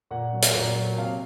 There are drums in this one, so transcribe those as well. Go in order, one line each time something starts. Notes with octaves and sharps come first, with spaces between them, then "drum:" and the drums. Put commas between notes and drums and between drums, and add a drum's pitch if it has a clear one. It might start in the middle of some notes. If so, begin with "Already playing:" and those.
A#2 F#5
F#3
drum: hi-hat
A#2
F#3
C3 F5